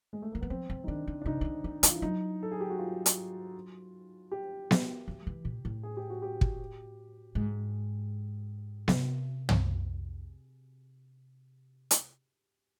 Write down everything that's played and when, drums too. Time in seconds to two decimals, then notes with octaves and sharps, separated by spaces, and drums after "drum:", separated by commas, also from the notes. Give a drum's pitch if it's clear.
0.13 G#3
0.22 A3
0.32 D#3 A#3
0.41 E3 B3
0.50 F3 C4
0.70 F3
0.84 D#4
0.88 D#3 D4
1.08 D3
1.22 D4
1.26 C#3 D#4
1.41 D#3
1.45 D3
1.64 D#3
1.83 E3 F4, drum: hi-hat
1.95 E4
2.02 F#3 D#4
2.43 A4
2.51 G#4
2.61 G4
2.70 F#4
2.78 F4
3.06 drum: hi-hat
4.32 G4
4.71 drum: snare B3
5.08 F3
5.27 E3
5.45 A#2
5.65 A2
5.83 G#4
5.97 G4
6.10 F#4
6.22 G4
6.41 drum: kick
7.35 G#2 G#4
8.88 C3, drum: snare B3
9.49 drum: tom
11.91 drum: hi-hat